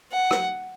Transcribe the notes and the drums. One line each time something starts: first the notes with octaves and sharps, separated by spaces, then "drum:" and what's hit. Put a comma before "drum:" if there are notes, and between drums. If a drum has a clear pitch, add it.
F#5
drum: rim click